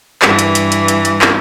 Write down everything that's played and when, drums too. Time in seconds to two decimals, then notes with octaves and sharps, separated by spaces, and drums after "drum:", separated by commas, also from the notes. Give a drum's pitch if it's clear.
0.22 G2 E3, drum: clap
0.39 drum: hi-hat
0.55 drum: hi-hat
0.72 drum: hi-hat
0.88 drum: hi-hat
1.05 drum: hi-hat
1.21 drum: clap